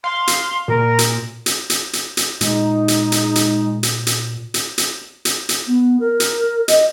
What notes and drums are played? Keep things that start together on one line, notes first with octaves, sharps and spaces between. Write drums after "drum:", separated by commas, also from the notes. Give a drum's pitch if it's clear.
F5 C6
drum: hi-hat
A#2 A#4
drum: hi-hat
drum: hi-hat
drum: hi-hat
drum: hi-hat
drum: hi-hat
A#2 G#3 D#4, drum: hi-hat
drum: hi-hat
drum: hi-hat
drum: hi-hat
drum: hi-hat
drum: hi-hat
drum: hi-hat
drum: hi-hat
drum: hi-hat
drum: hi-hat
B3
A#4
drum: hi-hat
D#5, drum: hi-hat